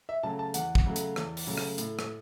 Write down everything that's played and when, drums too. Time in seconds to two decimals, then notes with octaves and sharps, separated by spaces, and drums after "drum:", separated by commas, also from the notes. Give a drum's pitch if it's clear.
0.09 E5
0.23 C#3 F#3 A3 A5
0.39 A5
0.54 E2 F#5, drum: hi-hat
0.75 drum: kick
0.86 C#3 F#3 A3
0.96 drum: hi-hat
1.16 E2, drum: rim click
1.37 drum: open hi-hat
1.47 C#3 F#3 A3
1.58 drum: rim click
1.78 A2, drum: hi-hat
1.99 drum: rim click